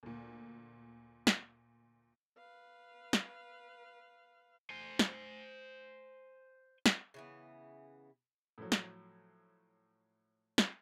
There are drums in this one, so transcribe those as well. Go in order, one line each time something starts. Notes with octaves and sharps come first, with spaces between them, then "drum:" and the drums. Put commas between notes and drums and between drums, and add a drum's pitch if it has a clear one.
D2 A#2
drum: snare
B4 F5
drum: snare
C5 G#5
drum: snare
drum: snare
C#3 E3 B3
A2 F3 F#3
drum: snare
drum: snare